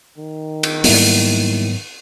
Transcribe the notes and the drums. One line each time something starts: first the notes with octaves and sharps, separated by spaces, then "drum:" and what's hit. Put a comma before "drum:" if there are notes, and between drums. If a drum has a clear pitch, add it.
D#3
drum: cymbal
G#2 F#3 G3 A#3 B3 E4, drum: open hi-hat